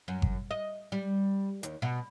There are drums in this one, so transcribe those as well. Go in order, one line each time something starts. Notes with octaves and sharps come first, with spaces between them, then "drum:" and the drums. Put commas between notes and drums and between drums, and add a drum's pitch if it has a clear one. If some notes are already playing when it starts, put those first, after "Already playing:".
F#2
drum: kick G1
D#5
G3
D#2, drum: hi-hat
B2